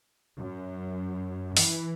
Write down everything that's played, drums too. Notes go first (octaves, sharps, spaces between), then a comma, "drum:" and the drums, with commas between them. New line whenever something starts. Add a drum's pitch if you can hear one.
F#2
E3, drum: open hi-hat